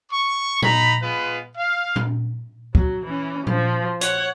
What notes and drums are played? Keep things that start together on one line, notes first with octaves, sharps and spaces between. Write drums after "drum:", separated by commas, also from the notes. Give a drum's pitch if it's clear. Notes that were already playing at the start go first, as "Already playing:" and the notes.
C#6
D#4 A#5 B5, drum: tom A#2
G#3 B3 F4 B4
F5
drum: tom A#2
F#3, drum: kick
E3 C#4
F3, drum: tom A#2
C#5 F#5, drum: hi-hat